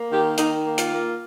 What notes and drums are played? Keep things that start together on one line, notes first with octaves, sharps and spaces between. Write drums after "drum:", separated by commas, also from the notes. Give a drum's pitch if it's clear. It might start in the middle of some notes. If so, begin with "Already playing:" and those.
Already playing: A#3
D#3 G4
D#3 D#4, drum: hi-hat
A#3
F4, drum: hi-hat
A#3